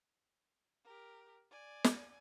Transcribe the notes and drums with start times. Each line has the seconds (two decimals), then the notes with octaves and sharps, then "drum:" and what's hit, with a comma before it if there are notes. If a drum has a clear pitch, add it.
0.84 G4 A#4
1.51 D5 G#5
1.84 drum: snare